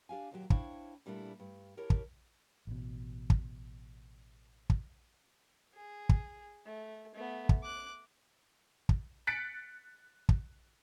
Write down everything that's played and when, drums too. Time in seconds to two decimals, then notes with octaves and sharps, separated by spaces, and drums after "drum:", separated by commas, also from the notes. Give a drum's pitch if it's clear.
0.09 D4 G4 F5 G#5
0.31 D#2 A#2 F#3 G4
0.50 D4 E4 C5 C#5 F5 G5, drum: kick
1.06 A#2 G3 A3 D4 E4
1.40 G2
1.77 E4 G4 A4 A#4 C#5
1.90 drum: kick
2.67 A1 B2
3.30 drum: kick
4.70 drum: kick
5.74 G#4
6.09 drum: kick
6.66 A3
7.14 A3 B3
7.49 drum: kick
7.63 D6 F#6
8.89 drum: kick
9.27 F#6 A6 B6 C#7 D7
10.29 drum: kick